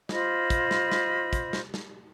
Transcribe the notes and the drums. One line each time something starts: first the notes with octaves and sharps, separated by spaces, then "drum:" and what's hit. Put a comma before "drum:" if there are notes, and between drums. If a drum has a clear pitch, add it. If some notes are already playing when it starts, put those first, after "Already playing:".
F4 C5 D#5 B5, drum: snare
drum: kick, hi-hat
drum: snare
drum: snare
drum: kick, hi-hat
drum: snare
drum: snare